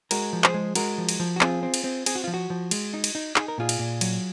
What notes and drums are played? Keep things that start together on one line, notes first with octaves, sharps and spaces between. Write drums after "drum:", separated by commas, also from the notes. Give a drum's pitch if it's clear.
G#3 F#4 A#4, drum: cymbal
F3
G#4 C5, drum: clap
G#3
G#3 F#4 A#4, drum: cymbal
F3
drum: cymbal
F3
F#4
C4 F4 G#4, drum: clap
C4
drum: cymbal
C4
C4 G#4, drum: cymbal
F#4
F3 F4
F#4
F3
G#3, drum: cymbal
D#4
drum: cymbal
D#4
D#4 G#4, drum: clap
A#4
A#2 F4 G#4
drum: cymbal
A#2
F#3, drum: cymbal